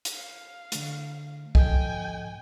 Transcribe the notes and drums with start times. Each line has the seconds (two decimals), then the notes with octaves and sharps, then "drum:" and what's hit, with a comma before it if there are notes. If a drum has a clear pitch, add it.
0.05 drum: hi-hat
0.15 F5
0.72 D3 A3, drum: hi-hat
1.55 F3 A4 D#5 G5 G#5, drum: kick